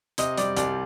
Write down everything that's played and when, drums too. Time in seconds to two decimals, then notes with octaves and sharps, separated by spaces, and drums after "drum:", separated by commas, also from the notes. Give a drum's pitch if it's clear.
0.18 C3 D#5, drum: hi-hat
0.38 G3 D5, drum: hi-hat
0.57 C2 D5, drum: hi-hat